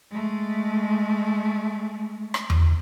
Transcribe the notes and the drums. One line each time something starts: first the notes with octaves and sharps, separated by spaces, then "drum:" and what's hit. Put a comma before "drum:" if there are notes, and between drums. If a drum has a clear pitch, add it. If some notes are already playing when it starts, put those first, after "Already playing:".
G#3 A3
drum: rim click
drum: tom E2